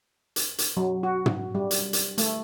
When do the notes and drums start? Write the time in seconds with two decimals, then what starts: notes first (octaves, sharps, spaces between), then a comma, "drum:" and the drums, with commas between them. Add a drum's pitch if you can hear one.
0.36 drum: hi-hat
0.58 drum: hi-hat
0.77 F#3
1.03 F#4
1.26 drum: tom
1.55 G3
1.71 drum: hi-hat
1.93 drum: hi-hat
2.18 A3, drum: hi-hat